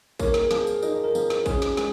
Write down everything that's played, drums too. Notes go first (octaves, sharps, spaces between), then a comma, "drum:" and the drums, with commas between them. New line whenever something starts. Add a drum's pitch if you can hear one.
A#3 C#5, drum: kick, tambourine
A#4
G#4, drum: snare
A#4
F3 G#4, drum: snare
drum: tambourine
D#4 F4, drum: tambourine
A#4
F3, drum: tambourine
drum: snare
C#4 G#4, drum: kick, tambourine
drum: snare
G#3, drum: snare